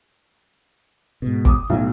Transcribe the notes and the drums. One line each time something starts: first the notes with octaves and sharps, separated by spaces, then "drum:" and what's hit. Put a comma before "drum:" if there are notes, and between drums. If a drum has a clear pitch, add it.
G#2 B2
D6 D#6, drum: kick
B1 A2 F#3